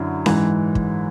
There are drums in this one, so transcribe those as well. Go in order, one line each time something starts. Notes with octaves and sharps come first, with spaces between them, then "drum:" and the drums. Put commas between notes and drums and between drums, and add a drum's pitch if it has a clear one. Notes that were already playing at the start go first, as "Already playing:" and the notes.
Already playing: F#2 D3 F#3 E4
G#2 E3, drum: snare C#4
drum: kick